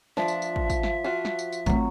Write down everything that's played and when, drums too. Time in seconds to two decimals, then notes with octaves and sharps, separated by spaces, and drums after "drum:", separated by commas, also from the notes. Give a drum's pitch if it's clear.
0.17 F3 D4 E5, drum: snare
0.28 drum: tambourine
0.42 drum: tambourine
0.56 drum: kick
0.70 drum: kick, tambourine
0.83 drum: snare
1.04 F4 F#4
1.25 drum: snare
1.39 drum: tambourine
1.52 drum: tambourine
1.66 F#3 A3 C4, drum: kick, tambourine